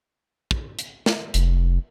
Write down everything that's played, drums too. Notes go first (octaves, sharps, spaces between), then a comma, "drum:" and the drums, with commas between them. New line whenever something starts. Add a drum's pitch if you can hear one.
drum: kick
drum: hi-hat
drum: snare
F1, drum: hi-hat